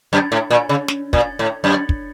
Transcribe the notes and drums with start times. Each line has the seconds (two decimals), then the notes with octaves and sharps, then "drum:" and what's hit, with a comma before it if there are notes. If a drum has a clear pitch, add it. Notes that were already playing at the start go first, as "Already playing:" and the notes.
0.13 F#2
0.32 A2
0.50 A#2
0.69 C#3
0.88 drum: snare
1.13 A#2, drum: kick
1.39 A2
1.64 F#2
1.89 drum: kick